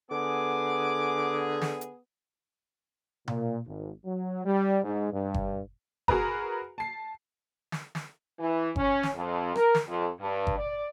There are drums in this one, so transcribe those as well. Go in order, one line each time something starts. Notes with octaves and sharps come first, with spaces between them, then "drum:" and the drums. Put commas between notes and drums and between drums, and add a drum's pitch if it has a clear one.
D3 B3 G#4 D6
drum: snare
drum: hi-hat
A#2, drum: tom B2
G#1
F#3
G3
G#2
G2
drum: kick G1
F#4 G#4 A#4 B4 A#5, drum: kick G1
A5 C7
drum: snare
drum: snare
E3
C#4, drum: kick G1
drum: snare
F2
A#4, drum: rim click
drum: snare
F2
G2
drum: kick G1
D5